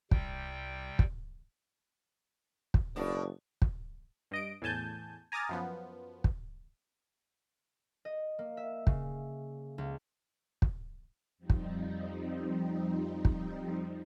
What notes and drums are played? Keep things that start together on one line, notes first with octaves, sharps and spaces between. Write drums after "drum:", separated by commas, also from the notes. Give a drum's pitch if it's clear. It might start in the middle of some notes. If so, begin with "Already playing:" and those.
C2 C3 G3 G5, drum: kick
drum: kick
drum: kick
F#1 B2 D4
drum: kick
G2 D#5 D7
E2 A2 G#5 A5 G6
G#5 A#5 D6 D#6 F6 A6
F#2 F3 B3
drum: kick
D#5
A#3
E5
C#3, drum: kick
C#2
drum: kick
F2 F3 G3 C4 D#4
drum: kick
drum: kick